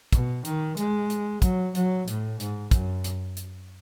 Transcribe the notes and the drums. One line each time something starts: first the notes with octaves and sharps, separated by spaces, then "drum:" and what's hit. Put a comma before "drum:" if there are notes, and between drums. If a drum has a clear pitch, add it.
B2, drum: kick, hi-hat
D#3, drum: hi-hat
G#3, drum: hi-hat
drum: hi-hat
F#3, drum: kick, hi-hat
F#3, drum: hi-hat
A2, drum: hi-hat
G#2, drum: hi-hat
F#2, drum: kick, hi-hat
drum: hi-hat
drum: hi-hat